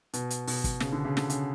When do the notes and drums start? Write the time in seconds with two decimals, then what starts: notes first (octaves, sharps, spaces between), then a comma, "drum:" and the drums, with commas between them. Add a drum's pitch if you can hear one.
0.14 B2, drum: hi-hat
0.30 drum: hi-hat
0.47 B2, drum: open hi-hat
0.64 drum: kick, hi-hat
0.80 C#3, drum: snare
0.92 D3
1.05 C#3
1.17 D3, drum: snare
1.30 C#3, drum: hi-hat